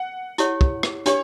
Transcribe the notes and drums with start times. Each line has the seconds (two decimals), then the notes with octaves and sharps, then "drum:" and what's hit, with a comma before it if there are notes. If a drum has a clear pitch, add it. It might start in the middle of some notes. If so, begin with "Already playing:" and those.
Already playing: F#5
0.38 E4 G4 C#5, drum: hi-hat
0.61 drum: kick
0.83 drum: rim click
1.06 D4 G4 B4 C#5, drum: hi-hat